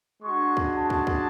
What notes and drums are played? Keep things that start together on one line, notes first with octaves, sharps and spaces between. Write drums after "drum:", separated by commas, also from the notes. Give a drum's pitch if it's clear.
G#3 D4 F#4 C#6
drum: kick
A5
drum: kick
drum: kick